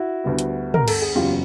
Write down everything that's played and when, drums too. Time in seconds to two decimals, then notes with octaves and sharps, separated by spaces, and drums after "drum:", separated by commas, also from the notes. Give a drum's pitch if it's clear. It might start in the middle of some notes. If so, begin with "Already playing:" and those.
Already playing: E4 F#4
0.24 D2 D3 G3 B3
0.39 drum: hi-hat
0.74 A#4, drum: tom
0.88 A4, drum: cymbal
1.02 G#4
1.15 F#1 E2 C#3 F#3 F4 G4